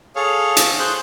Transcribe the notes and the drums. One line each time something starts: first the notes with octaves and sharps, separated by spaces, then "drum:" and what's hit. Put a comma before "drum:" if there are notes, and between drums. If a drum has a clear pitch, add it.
G#4 A4 C#5 F5
drum: hi-hat
G#4 C5 F#6 G6